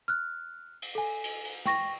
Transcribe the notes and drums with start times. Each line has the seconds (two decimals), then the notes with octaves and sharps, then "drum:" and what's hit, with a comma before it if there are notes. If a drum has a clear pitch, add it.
0.08 F6 F#6
0.82 drum: cymbal
0.95 A4 G#5
1.24 drum: cymbal
1.45 drum: cymbal
1.66 G5 C#6 A#6, drum: snare